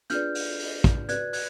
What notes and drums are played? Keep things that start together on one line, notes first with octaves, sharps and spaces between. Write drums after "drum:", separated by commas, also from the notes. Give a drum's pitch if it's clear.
D4 F4 G#4 B4 D5 F6 G6, drum: hi-hat
drum: open hi-hat
drum: open hi-hat
drum: kick, hi-hat
F#4 B4 D5 F#6 G#6, drum: hi-hat
F#6 G#6, drum: open hi-hat